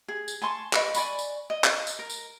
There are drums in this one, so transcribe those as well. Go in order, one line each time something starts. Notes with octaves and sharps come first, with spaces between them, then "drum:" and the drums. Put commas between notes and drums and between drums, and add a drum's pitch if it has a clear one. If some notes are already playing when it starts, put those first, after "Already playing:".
G#4
drum: tambourine
G#5 A5 C6 C#6
G4 B4 D#5 C#6, drum: clap
D5 G#5 B5 C#6, drum: tambourine
drum: tambourine
D#5
drum: clap
drum: tambourine
A#4
drum: tambourine